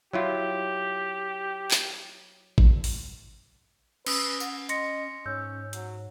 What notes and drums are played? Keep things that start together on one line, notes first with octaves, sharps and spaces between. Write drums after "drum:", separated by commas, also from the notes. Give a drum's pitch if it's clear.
F#3 E4 F4 G4
drum: clap
drum: kick
drum: open hi-hat
C#4 B4 D#6 E6, drum: cymbal
F#5, drum: tambourine
D#5 C6 A#6 C#7, drum: hi-hat
G#2 C#4 E6 G6
F#3, drum: hi-hat